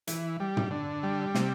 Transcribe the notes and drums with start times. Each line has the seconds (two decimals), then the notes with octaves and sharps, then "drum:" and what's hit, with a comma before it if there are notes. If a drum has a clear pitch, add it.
0.07 E3, drum: hi-hat
0.40 G3
0.57 drum: tom
0.71 D3
1.03 G3
1.35 C3, drum: snare